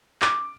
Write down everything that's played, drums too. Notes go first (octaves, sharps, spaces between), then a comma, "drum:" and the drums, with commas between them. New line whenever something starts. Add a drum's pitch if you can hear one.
D6, drum: clap